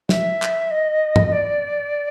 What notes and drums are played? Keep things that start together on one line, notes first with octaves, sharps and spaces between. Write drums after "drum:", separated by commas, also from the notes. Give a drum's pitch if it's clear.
E5, drum: snare
drum: clap
D#5
drum: tom
D5